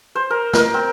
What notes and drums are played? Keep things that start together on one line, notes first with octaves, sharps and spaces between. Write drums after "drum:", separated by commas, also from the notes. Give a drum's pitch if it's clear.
C5
A#4
A#4, drum: snare
C4